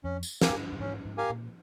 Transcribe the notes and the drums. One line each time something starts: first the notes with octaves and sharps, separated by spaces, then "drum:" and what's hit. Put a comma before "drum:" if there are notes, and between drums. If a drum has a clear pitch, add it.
F2 C#4
drum: tambourine
G4 A#4 F5 G#5, drum: snare
G#2
G2
G2
G#2 C#4
G#2
G4 A#4 F5 G#5
A#2